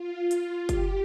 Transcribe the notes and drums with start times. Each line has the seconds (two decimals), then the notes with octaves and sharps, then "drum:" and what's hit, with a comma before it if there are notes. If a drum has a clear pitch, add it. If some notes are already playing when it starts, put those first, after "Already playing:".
Already playing: F4
0.31 drum: hi-hat
0.69 G4, drum: kick F#1, hi-hat